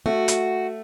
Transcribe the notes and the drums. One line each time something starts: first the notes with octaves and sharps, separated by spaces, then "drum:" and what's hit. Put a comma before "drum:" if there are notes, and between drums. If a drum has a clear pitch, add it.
A3 F#4
drum: hi-hat